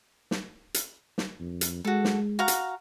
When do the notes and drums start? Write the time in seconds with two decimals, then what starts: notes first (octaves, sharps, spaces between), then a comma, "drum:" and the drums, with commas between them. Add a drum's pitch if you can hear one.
0.31 drum: snare
0.74 drum: hi-hat
1.18 drum: snare
1.39 F2
1.61 drum: hi-hat
1.85 G#3 F#4 A4
2.04 drum: snare
2.39 F#4 F5 A#5
2.48 drum: hi-hat